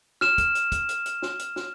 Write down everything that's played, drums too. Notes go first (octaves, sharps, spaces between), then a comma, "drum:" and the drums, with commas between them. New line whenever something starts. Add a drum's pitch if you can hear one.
F6 E7, drum: snare
drum: kick, hi-hat
drum: hi-hat
drum: kick, hi-hat
drum: hi-hat
drum: hi-hat
drum: snare
drum: hi-hat
drum: snare